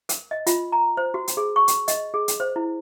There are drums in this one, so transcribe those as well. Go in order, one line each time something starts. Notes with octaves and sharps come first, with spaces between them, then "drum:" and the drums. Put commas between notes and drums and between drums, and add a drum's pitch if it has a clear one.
A#4, drum: hi-hat
D#5
F4, drum: hi-hat
A#5
C5
F#4
drum: hi-hat
G#4
C#6
drum: hi-hat
D#5, drum: hi-hat
G#4
drum: hi-hat
C5
E4